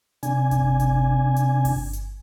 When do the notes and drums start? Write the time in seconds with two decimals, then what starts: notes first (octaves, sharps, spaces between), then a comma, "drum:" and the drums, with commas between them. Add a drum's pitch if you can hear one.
0.23 C3 D4 G#5, drum: hi-hat
0.51 drum: kick G1, hi-hat
0.80 drum: kick G1, hi-hat
1.36 drum: hi-hat
1.65 drum: kick G1, open hi-hat
1.93 drum: hi-hat